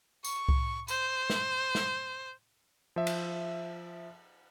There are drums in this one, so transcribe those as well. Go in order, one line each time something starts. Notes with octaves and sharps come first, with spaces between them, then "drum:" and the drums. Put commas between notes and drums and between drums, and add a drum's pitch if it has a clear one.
C#6, drum: tambourine
drum: kick C2
C5, drum: tambourine
drum: snare
drum: snare
F3 E5
drum: cymbal